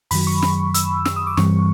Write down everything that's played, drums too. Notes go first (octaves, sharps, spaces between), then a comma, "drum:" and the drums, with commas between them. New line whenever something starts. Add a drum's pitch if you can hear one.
F#2 D#3 F#3 B5, drum: open hi-hat
C#6
drum: snare
E6, drum: hi-hat
E6, drum: snare
D#6
D6
G2 E3 G3 C4 C#6, drum: snare